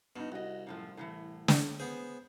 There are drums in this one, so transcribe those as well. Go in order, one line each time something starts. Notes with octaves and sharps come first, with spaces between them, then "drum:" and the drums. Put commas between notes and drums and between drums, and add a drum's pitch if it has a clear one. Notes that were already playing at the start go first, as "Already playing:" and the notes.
G2 B2 D#4
C2 F#4 D#5
F#2 A2 F3
A2 C#3 E3
drum: snare
B3 G#4 C5